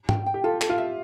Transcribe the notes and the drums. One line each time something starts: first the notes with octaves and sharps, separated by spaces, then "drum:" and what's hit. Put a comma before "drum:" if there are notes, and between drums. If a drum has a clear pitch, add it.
G5, drum: tom
G5
G4
F4 A4
A4, drum: clap
F4
E5